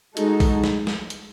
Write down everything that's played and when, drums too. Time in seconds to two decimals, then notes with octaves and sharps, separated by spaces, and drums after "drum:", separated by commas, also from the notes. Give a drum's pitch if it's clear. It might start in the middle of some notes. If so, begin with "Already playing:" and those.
0.17 G#3 D#4 F#4 A4, drum: hi-hat
0.40 drum: kick, open hi-hat
0.64 drum: snare
0.87 drum: snare
1.10 drum: hi-hat